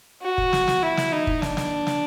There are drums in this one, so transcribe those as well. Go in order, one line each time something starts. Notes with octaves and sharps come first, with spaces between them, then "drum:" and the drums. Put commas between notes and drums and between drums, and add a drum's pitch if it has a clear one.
F#4
drum: kick
drum: snare
drum: snare
E4
drum: snare
D#4
drum: kick
D4, drum: snare
drum: snare
drum: snare